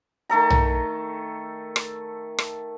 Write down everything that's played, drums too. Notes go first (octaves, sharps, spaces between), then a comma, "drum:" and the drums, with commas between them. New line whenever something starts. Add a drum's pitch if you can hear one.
D#3 A3 A4 A#5
drum: tom B1
drum: rim click
drum: rim click